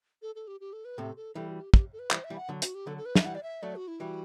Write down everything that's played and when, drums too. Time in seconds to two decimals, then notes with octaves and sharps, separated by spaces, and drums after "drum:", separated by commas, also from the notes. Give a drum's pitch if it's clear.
0.22 A4
0.35 A4
0.47 G4
0.60 G4
0.73 A4
0.85 B4
0.98 A2 C3 A4
1.17 A4
1.35 E3 G3 A4
1.49 F#4
1.61 G4
1.74 G4, drum: kick
1.93 A4
1.99 B4
2.11 E3 G3 C5, drum: clap
2.24 E5
2.30 E3 G3
2.37 F#5
2.49 D3 F#3
2.62 F#4, drum: hi-hat
2.75 G4
2.87 D3 F#3 A4
2.97 A4
3.06 B4
3.15 E5, drum: snare
3.24 E3 G3 F#5
3.35 D5
3.43 E5
3.62 F#3 A3 D5
3.76 F#4
3.88 E4
4.00 E3 G3 F#4